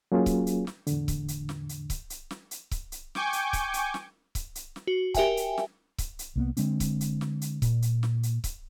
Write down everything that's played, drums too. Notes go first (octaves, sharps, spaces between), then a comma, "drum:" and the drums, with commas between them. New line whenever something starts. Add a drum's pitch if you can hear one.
F#3 A#3 C#4 F4 G#4
drum: kick C#1, hi-hat
drum: hi-hat
drum: snare
E2 A2 D3, drum: hi-hat
drum: kick C#1, hi-hat
drum: hi-hat
drum: snare
drum: hi-hat
drum: kick C#1, hi-hat
drum: hi-hat
drum: snare
drum: hi-hat
drum: kick C#1, hi-hat
drum: hi-hat
G5 G#5 C#6 D6 G6, drum: snare
drum: hi-hat
drum: kick C#1, hi-hat
drum: hi-hat
drum: snare
drum: kick C#1, hi-hat
drum: hi-hat
drum: snare
F#4
G4 A#4 E5 G5 G#5, drum: kick C#1, hi-hat
drum: hi-hat
drum: snare
drum: kick C#1, hi-hat
drum: hi-hat
C2 A#3 B3
D3 G#3 C4 D4, drum: hi-hat
drum: kick C#1, hi-hat
drum: hi-hat
drum: snare
drum: hi-hat
A#2, drum: kick C#1, hi-hat
drum: hi-hat
drum: snare
drum: hi-hat
drum: kick C#1, hi-hat